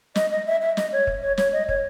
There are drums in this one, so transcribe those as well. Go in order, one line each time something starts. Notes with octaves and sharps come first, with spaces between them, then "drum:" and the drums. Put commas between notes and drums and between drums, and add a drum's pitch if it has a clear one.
D#5, drum: snare
D#5
E5
E5
D#5, drum: snare
C#5
drum: kick
C#5
C#5, drum: snare
D#5
C#5, drum: kick